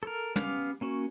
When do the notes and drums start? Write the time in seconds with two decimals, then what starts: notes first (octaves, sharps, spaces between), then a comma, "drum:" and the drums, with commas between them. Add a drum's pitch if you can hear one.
0.03 A4 A#4
0.36 B3 C#4 G4 F5 D6, drum: tom
0.81 A#3 C#4 F#4